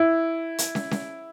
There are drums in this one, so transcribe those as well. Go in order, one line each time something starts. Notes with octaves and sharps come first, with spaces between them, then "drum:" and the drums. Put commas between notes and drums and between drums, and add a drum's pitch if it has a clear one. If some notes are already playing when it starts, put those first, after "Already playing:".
Already playing: E4
drum: hi-hat
drum: snare
drum: snare